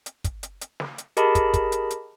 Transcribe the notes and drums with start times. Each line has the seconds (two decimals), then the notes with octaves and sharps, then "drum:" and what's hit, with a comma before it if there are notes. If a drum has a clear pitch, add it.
0.06 drum: hi-hat
0.24 drum: kick, hi-hat
0.43 drum: hi-hat
0.61 drum: hi-hat
0.80 drum: snare
0.98 drum: hi-hat
1.17 G4 G#4 A#4 D#5 A5 B5, drum: hi-hat
1.35 drum: kick, hi-hat
1.54 drum: kick, hi-hat
1.72 drum: hi-hat
1.90 drum: hi-hat